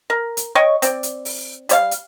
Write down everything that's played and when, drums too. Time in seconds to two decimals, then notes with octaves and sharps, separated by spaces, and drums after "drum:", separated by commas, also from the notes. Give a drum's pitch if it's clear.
0.10 A#4
0.37 drum: hi-hat
0.55 C#5 D#5 G5 C#6
0.82 C4 D5, drum: hi-hat
1.03 drum: hi-hat
1.25 drum: open hi-hat
1.69 G3 C#5 F5, drum: hi-hat
1.91 drum: hi-hat